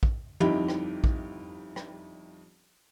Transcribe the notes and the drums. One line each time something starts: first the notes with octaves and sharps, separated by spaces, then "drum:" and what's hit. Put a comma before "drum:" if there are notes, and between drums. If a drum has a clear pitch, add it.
drum: kick A#1
G1 F2 D#4 E4 G4 B5, drum: tom
drum: rim click
drum: kick A#1
drum: rim click